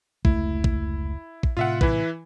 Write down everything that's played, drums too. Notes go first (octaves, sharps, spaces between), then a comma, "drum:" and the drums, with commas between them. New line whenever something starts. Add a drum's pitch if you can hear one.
F1 C#2 A3 E4, drum: kick
drum: kick
drum: kick
A2 C3 F4 E5 F#5
E3 E4 B4, drum: kick